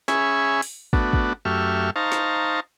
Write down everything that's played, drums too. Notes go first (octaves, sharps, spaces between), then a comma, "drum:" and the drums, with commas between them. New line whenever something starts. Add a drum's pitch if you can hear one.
C#4 G#4 E5 G#5 B5 C#6, drum: snare
drum: open hi-hat
A3 B3 D4 F#4, drum: kick
drum: kick
F#2 A3 G4 E5 C#6 F6
D#4 C5 F5 A5 A#5 C#6
drum: snare